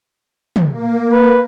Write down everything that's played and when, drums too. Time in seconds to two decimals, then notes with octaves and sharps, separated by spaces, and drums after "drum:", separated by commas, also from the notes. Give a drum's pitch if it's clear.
0.56 drum: tom
0.71 A#3
1.09 B4